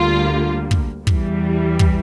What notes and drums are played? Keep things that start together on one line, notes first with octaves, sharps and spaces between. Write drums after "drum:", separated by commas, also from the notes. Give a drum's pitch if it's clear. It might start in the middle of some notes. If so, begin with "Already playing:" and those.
Already playing: D2 D3 G3 A#3 F4
drum: kick
E2 E3 G3, drum: kick
drum: kick